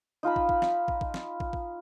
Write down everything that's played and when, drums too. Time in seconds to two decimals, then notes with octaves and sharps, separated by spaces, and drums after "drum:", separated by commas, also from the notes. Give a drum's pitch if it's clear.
0.23 D#4 F4 A5 B5
0.36 drum: kick
0.49 drum: kick
0.62 drum: snare
0.88 drum: kick
1.01 drum: kick
1.14 drum: snare
1.40 drum: kick
1.53 drum: kick